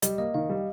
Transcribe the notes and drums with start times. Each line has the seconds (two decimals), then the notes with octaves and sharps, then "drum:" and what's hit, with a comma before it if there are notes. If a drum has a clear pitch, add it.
0.02 G3 D#5, drum: hi-hat
0.18 A#3 D#5
0.34 D#3 F5
0.49 G3